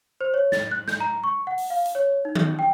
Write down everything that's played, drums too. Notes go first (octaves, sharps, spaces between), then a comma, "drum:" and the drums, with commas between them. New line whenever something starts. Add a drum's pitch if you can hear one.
C5
C#5
A6, drum: snare
F#6
G6, drum: snare
A#5
C#6
F#5
drum: open hi-hat
F5
drum: hi-hat
C#5
D#4
drum: tom D#3
G5